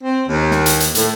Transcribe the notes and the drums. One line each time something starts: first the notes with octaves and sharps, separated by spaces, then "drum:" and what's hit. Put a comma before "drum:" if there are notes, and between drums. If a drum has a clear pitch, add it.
C4
D#2
drum: snare
drum: hi-hat
drum: hi-hat
A2, drum: hi-hat